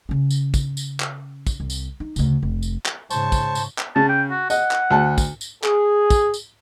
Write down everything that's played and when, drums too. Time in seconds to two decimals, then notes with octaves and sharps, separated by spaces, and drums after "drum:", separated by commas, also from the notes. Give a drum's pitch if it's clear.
0.09 C#3 C#4
0.31 drum: tambourine
0.54 drum: kick, tambourine
0.77 drum: tambourine
1.00 drum: clap
1.47 drum: kick, tambourine
1.60 C2
1.70 drum: tambourine
2.00 D#4
2.16 D2 C#3, drum: tambourine
2.43 F1
2.63 drum: tambourine
2.86 drum: clap
3.10 G#2 C#3 C5 A5 C#6, drum: tambourine
3.32 drum: kick, tambourine
3.55 drum: tambourine
3.78 drum: clap
3.96 C#3 A5
4.09 G5
4.30 F#4
4.50 D#5 F#5, drum: tambourine
4.71 drum: clap
4.91 D2 A5
5.18 drum: kick, tambourine
5.41 drum: tambourine
5.64 G#4, drum: clap
6.10 drum: kick, tambourine
6.34 drum: tambourine